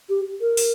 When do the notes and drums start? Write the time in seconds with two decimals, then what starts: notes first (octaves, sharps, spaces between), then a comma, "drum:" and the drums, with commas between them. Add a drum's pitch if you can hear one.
0.09 G4
0.41 A#4
0.57 drum: open hi-hat